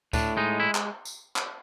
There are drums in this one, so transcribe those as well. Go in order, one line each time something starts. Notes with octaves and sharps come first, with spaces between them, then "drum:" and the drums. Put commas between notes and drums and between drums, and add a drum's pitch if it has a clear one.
A2 D4, drum: kick D2, tambourine
G#3 D#4
E4
drum: clap
drum: tambourine
drum: clap